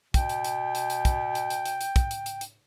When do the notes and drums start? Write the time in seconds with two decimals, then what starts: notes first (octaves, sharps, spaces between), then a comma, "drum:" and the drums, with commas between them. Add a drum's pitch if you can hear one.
0.14 B2 G5, drum: kick, hi-hat
0.29 drum: hi-hat
0.45 drum: hi-hat
0.75 drum: hi-hat
0.90 drum: hi-hat
1.05 drum: kick, hi-hat
1.35 drum: hi-hat
1.50 drum: hi-hat
1.66 drum: hi-hat
1.81 drum: hi-hat
1.96 drum: kick, hi-hat
2.11 drum: hi-hat
2.26 drum: hi-hat
2.41 drum: hi-hat